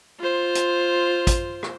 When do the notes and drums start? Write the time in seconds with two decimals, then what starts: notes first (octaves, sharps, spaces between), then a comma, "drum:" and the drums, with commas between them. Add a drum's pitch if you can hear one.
0.19 F4 C5
0.55 drum: hi-hat
1.27 drum: kick, hi-hat
1.63 drum: rim click